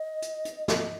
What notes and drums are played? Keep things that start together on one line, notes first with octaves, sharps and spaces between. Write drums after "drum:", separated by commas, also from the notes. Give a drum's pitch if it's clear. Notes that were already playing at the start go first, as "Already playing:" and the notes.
Already playing: D#5
drum: hi-hat
drum: hi-hat
D#5, drum: snare